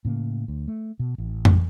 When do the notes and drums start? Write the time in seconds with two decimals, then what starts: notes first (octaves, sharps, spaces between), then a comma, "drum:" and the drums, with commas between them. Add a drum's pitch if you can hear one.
0.05 A2 C#3 A#3
0.48 D2
0.68 A3
0.99 B2
1.18 A1
1.45 drum: tom F2